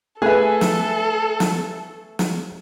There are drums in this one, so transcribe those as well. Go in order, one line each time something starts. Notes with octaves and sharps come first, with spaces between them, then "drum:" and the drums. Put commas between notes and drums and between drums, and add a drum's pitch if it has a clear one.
A3 G#4 A4 B4 E5 G#5 F#6
drum: snare
drum: snare
drum: snare